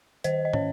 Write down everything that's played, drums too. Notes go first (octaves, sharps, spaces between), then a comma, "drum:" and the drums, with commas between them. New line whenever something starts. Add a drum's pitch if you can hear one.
D#3 C5 D#5, drum: hi-hat
D#5
C#4 C#5, drum: tom